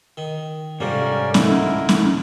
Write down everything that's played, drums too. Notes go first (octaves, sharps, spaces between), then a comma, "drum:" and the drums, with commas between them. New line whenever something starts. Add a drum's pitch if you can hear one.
D#3
F2 G#2 C3 G3 A#3 C#4 A#4 D5
D2 A2 D3 G#3 E4 A#4, drum: snare C#4
drum: snare C#4